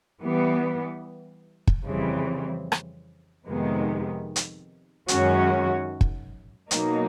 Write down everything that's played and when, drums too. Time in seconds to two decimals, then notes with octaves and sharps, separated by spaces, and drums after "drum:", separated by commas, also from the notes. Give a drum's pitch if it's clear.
0.22 E3 G3 B3
1.67 drum: kick
1.84 F2 C#3 E3 G3 C4
2.72 drum: rim click
3.46 F2 C3 D#3 G#3 B3
4.36 drum: hi-hat
5.08 F#2 D#3 G#3 C#4 F#4, drum: hi-hat
6.01 drum: kick
6.71 B2 F#3 A#3 D#4, drum: hi-hat